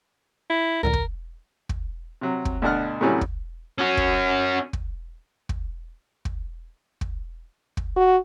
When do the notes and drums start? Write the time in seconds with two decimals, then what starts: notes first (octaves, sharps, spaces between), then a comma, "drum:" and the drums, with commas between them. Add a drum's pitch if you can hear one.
0.50 E4
0.83 C#2 A2 D3 A#4
0.93 drum: kick
1.69 drum: kick
2.21 C3 F#3
2.45 drum: kick
2.62 D2 B2 D4 F#5 F6
3.01 A2 C3 E3 F#3 G3 C#4
3.21 drum: kick
3.78 C#4 F#4
3.97 drum: kick
4.73 drum: kick
5.49 drum: kick
6.25 drum: kick
7.01 drum: kick
7.77 drum: kick
7.97 F#4